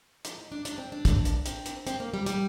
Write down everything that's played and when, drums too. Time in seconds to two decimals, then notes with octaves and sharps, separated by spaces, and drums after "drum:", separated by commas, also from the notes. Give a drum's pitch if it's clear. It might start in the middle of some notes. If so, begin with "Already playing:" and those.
0.25 F3, drum: hi-hat
0.38 D#4
0.52 D4
0.65 D4, drum: hi-hat
0.78 C4
0.92 D4
1.05 drum: kick, hi-hat
1.25 drum: hi-hat
1.46 C4, drum: hi-hat
1.66 drum: hi-hat
1.87 C4, drum: hi-hat
2.00 A#3
2.14 G3
2.26 G3, drum: hi-hat